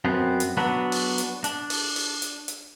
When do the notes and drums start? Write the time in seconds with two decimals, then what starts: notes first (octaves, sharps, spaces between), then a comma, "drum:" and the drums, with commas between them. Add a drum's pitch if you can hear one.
0.05 F#2 B3 C4
0.40 drum: hi-hat
0.57 F#3 B3 D4
0.92 drum: open hi-hat
1.18 drum: hi-hat
1.44 D4, drum: hi-hat
1.70 drum: open hi-hat
1.96 drum: open hi-hat
2.22 drum: hi-hat
2.48 drum: hi-hat